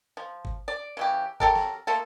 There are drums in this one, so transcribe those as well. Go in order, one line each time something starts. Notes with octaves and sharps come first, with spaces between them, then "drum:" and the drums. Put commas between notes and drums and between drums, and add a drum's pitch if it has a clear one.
F3
drum: kick G1
D5
C#3 E3 G4
F#3 G4 A4 A#4, drum: kick G1
drum: snare
A3 A#3 F4 A4